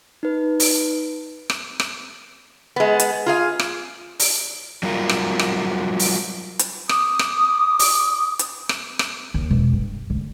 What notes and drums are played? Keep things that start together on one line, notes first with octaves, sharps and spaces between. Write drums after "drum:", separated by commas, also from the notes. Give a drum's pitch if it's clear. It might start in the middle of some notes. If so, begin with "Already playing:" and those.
D#4 B4
drum: open hi-hat
drum: rim click
drum: rim click
G#3 B3
drum: hi-hat
F4 G#4 F5
drum: rim click
drum: open hi-hat
F#3 G3 F4 A#4
drum: rim click
drum: rim click
drum: open hi-hat
drum: hi-hat
D6 D#6, drum: rim click
drum: rim click
drum: open hi-hat
drum: hi-hat
drum: rim click
drum: rim click
D#2
E1
G2
D2